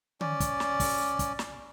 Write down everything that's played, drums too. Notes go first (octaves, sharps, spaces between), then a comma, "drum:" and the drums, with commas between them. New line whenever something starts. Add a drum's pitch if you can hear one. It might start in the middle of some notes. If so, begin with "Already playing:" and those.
C#4 D5, drum: tom D3
drum: kick, hi-hat
drum: snare
drum: kick, open hi-hat
drum: kick, hi-hat
drum: snare